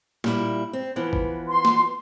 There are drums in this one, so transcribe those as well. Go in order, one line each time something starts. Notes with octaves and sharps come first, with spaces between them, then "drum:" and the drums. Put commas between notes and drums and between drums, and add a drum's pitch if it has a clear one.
A#2 G3 E4, drum: snare
C4
E3 F3 B3
drum: kick
C6
drum: snare